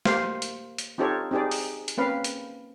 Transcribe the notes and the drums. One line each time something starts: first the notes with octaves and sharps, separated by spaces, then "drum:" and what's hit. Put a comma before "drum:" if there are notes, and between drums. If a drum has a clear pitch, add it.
A#3 G4 C5 F5, drum: snare
drum: hi-hat
drum: hi-hat
C4 D#4 F4 G4 A4 C#5
C4 D#4 G4 G#4 D5
drum: open hi-hat
drum: hi-hat
A#3 C4 C#4 B4 F5
drum: hi-hat